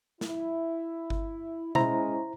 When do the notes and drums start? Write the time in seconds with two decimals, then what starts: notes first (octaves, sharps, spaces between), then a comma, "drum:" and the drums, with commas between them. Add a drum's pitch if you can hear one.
0.21 E4, drum: snare
1.10 drum: kick G1
1.75 G#3 C#4 E4 C5 A#5, drum: tom B2